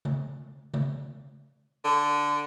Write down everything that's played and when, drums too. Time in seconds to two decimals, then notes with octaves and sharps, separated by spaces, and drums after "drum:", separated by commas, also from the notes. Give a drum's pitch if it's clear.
0.05 drum: tom C#3
0.74 drum: tom C#3
1.85 D3